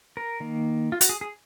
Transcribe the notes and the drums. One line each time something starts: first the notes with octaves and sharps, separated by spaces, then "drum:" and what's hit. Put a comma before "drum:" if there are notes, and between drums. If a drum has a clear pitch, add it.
A#4
D#3 A#3
F4
F#4, drum: hi-hat
G#4
G#4